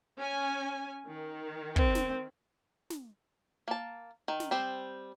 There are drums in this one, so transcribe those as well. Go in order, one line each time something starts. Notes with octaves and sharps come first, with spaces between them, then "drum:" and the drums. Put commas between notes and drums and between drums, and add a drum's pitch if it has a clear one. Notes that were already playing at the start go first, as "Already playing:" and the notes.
C#4 G#5
D#3
C4, drum: kick
drum: snare
drum: snare
A#3 A5
D#3
drum: snare
G3 C4 C5